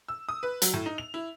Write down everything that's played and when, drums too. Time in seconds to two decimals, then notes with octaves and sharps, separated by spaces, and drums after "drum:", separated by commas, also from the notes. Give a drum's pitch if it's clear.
0.08 E6
0.29 D#6
0.43 B4
0.62 F#3, drum: hi-hat
0.73 A2
0.86 D#4
0.98 F7
1.14 E4